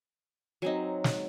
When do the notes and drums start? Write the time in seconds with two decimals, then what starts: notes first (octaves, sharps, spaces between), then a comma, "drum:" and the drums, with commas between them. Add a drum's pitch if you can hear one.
0.62 F#3 C4 D#4 G#5
1.04 drum: snare